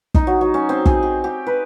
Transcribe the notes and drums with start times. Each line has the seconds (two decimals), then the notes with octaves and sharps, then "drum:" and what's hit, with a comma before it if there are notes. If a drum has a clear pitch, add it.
0.14 D#4, drum: kick
0.27 F#3
0.41 F#3
0.54 C#4
0.69 C4
0.86 G#4, drum: kick
1.03 G4
1.24 G4
1.47 B4